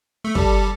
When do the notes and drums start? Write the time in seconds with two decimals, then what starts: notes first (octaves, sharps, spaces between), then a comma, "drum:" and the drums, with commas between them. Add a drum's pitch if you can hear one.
0.24 A3
0.35 G3 A4, drum: kick